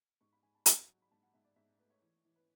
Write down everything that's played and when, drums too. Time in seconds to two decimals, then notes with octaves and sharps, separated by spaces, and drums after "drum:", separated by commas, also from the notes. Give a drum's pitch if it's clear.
0.21 G#2 C#6
0.33 B5
0.43 G#2 G#5
0.55 A5
0.66 G#2, drum: hi-hat
0.88 F#3
1.02 B5
1.11 G#2 A5
1.23 F#5
1.34 G#2 E5
1.44 D5
1.56 G#2 E5
1.78 A3 B4
1.90 C#5
2.02 E3
2.25 E3
2.36 B4